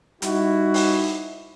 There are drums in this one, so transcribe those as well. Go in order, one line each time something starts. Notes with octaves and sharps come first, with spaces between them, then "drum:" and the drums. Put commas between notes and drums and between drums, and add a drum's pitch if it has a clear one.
G3 D#4 E4 F#4, drum: hi-hat
drum: open hi-hat